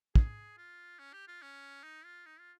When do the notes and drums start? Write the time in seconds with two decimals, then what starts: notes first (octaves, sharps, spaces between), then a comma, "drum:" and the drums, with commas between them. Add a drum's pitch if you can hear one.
0.15 G#4, drum: kick
0.57 F4
0.99 C#4
1.13 G4
1.28 F4
1.42 C#4
1.83 D#4
2.05 F4
2.26 D#4
2.39 F4